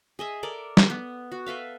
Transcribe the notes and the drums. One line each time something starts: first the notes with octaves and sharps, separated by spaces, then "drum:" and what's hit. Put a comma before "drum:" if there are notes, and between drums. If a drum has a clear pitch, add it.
G#4 D#5 E5
A4 A#4 D5
drum: snare
B3
F#4
A4 B4 E5 F5